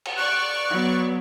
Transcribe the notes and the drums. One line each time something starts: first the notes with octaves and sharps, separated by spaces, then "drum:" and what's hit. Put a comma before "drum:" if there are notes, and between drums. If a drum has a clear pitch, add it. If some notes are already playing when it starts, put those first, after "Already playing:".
drum: cymbal
D5 C#6 F#6
F#3 B3